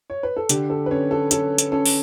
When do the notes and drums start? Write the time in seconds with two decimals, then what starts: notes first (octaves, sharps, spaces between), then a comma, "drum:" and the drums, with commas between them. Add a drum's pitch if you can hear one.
0.10 C#5
0.23 B4
0.37 A4
0.49 D3 G4, drum: hi-hat
0.70 A4
0.86 B4
0.91 C#4 C#5
1.11 A4
1.31 C#4 A4, drum: hi-hat
1.58 drum: hi-hat
1.72 C#4 A4
1.86 drum: open hi-hat